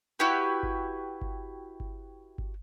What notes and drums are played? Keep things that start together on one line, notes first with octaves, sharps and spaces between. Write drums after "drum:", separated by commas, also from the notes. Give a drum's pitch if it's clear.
E4 F#4 G4 B4
drum: kick G1
drum: kick G1
drum: kick G1
drum: kick G1